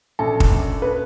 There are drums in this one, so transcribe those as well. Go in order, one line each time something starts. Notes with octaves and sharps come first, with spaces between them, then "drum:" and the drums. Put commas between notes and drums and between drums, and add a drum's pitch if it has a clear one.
A#1 A4
drum: kick
A#1
B4